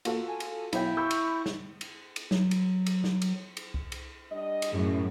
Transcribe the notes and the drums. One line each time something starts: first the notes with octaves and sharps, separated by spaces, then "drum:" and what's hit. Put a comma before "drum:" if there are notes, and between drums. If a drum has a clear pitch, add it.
A#3 F4 F#4 A4, drum: cymbal
G#5
drum: cymbal
B1 F#3 E4 E5 F5 G5, drum: cymbal
B5 C#6 E6 G6
drum: cymbal
drum: snare
drum: cymbal
drum: cymbal
F#3, drum: snare
drum: cymbal
drum: cymbal
drum: snare
drum: cymbal
drum: cymbal
drum: kick C2
drum: cymbal
G3 D4 D#5
drum: cymbal
F#2 A2 D#4 E4 G#4